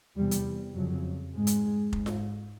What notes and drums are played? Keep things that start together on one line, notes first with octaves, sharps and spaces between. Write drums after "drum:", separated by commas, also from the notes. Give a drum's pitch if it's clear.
E2 C3 G3
drum: hi-hat
F2 C#3 F#3
G#2 G#3
drum: hi-hat
G#2, drum: kick F1
drum: snare F4